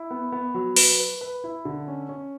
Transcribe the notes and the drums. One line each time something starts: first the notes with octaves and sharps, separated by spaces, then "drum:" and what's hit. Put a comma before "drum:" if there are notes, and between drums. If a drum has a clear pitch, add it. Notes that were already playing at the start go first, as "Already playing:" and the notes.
Already playing: E4
B3
B3
F#3
B4, drum: open hi-hat
B4
B4
E4
D3
C#4
C#4